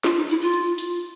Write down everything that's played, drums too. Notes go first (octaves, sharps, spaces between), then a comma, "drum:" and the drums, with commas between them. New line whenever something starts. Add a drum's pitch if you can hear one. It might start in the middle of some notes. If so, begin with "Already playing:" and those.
F4, drum: snare
D#4
E4, drum: hi-hat
F4
drum: hi-hat
drum: open hi-hat